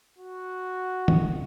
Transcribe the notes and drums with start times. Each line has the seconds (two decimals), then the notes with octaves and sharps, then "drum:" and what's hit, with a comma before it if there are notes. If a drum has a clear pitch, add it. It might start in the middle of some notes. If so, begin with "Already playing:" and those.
0.18 F#4
1.08 drum: tom